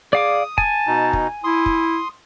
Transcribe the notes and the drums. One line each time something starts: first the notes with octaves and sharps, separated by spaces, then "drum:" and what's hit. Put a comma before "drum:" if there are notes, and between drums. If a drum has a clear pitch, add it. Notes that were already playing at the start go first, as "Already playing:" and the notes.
G#4 D5 F5 D6 D#6
G#5 A5, drum: kick
B2 D#4
drum: kick
E4 C6 D#6
drum: kick